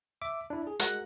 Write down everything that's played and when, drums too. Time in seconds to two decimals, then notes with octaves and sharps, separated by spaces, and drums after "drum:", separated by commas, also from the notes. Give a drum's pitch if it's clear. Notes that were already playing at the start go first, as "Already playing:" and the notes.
0.22 E5 D6
0.50 D4 E4
0.67 G#4
0.80 G#3 F#4 A#4 F#5, drum: hi-hat